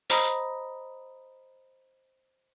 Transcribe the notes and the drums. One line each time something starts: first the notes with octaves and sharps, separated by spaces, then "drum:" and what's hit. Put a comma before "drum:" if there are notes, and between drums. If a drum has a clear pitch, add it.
C5 D#5 A#5 B5 D#6 A#6, drum: open hi-hat